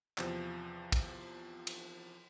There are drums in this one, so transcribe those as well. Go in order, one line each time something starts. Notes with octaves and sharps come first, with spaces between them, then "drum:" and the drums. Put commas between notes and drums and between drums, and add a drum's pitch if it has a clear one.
E2 C3 F3, drum: clap
drum: kick, cymbal
drum: cymbal